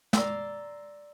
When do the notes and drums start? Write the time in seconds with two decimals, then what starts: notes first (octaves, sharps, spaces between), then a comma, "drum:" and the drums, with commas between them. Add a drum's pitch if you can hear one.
0.13 D5 A#5 C6 D6 E6, drum: snare